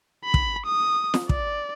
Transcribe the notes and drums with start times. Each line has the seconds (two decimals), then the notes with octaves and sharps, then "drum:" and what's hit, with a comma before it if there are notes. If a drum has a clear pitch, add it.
0.25 B5
0.34 drum: kick
0.66 D#6
1.14 drum: snare
1.29 D5, drum: kick